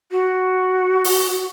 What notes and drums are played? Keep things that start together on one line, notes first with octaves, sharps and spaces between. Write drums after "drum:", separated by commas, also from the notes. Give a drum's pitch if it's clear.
F#4
drum: open hi-hat